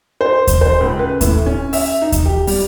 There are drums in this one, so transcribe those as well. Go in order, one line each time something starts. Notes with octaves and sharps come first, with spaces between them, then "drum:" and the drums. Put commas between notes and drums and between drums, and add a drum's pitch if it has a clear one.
C5
drum: kick D#2, hi-hat
C5
C#2
B4
A2, drum: kick D#2, hi-hat
C#4
E5, drum: open hi-hat
D#4
drum: kick D#2, hi-hat
G4
G3, drum: open hi-hat